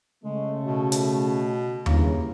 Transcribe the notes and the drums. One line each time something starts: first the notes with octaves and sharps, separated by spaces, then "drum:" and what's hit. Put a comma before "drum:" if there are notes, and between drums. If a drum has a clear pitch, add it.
C#3 G#3 A3
B2
drum: hi-hat
G2 C#3 A#3 E4, drum: tom D#2